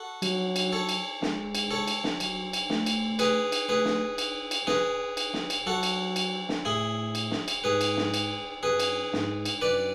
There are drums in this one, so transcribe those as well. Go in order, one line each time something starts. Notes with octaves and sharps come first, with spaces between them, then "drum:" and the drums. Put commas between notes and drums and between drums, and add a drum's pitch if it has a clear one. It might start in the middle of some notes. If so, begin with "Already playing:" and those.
Already playing: F#4 A4
F#3, drum: cymbal
drum: cymbal
A4 C#5
drum: cymbal
G#3, drum: snare
drum: cymbal
A4 C#5
drum: cymbal
drum: snare
F#3, drum: cymbal
drum: cymbal
A3, drum: snare
drum: cymbal
G#4 B4, drum: cymbal
drum: cymbal
A3 G#4 B4
drum: snare
drum: cymbal
drum: cymbal
G#4 B4, drum: snare
drum: cymbal
drum: snare
drum: cymbal
F#3 F#4 A4
drum: cymbal
drum: cymbal
drum: snare
A2 E4 G#4
drum: cymbal
drum: snare
drum: cymbal
G#2 G#4 B4
drum: cymbal
drum: snare
drum: cymbal
F#2 G#4 B4
drum: cymbal
G#2, drum: snare
drum: cymbal
F#2 B4 D5